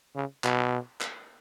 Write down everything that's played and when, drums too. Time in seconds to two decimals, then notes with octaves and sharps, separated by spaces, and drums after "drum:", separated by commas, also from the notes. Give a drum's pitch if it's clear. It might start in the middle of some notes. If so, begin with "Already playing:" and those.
0.16 C#3
0.44 B2, drum: clap
1.01 drum: clap